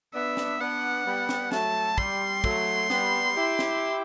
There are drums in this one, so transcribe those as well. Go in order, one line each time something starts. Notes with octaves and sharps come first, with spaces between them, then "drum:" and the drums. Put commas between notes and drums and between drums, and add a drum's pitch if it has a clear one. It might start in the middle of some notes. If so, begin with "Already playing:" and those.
B3 D4 E5
drum: snare
B3 D4 F#5
G3 B3
drum: snare
F#3 A3 A5, drum: snare
G3 C6, drum: kick
F#3 A3, drum: kick
G3 B3, drum: snare
E4 G4
drum: snare